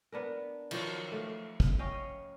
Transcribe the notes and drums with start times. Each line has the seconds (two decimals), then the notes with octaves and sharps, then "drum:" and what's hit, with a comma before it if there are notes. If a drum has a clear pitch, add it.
0.12 B3 D4 A#4
0.71 D#3 F3 F#3 C5, drum: cymbal
1.12 A3 F5
1.60 drum: kick
1.79 C#4 D#5 F5 G5